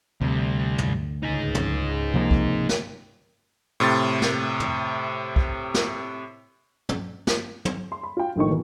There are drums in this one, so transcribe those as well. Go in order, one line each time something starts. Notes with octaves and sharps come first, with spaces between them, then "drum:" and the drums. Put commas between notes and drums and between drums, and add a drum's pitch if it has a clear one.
D2 C3 G3
drum: tom
C#2 D#4 G#4
drum: tom
C3 F3 A#3
drum: kick C2
drum: snare
A2 C3 C6 A6
drum: snare
drum: tom
drum: kick C2
drum: snare
drum: tom
drum: snare
drum: tom
C6
B5
F4 G5
A#1 A2 D#3 C#6
B2 E3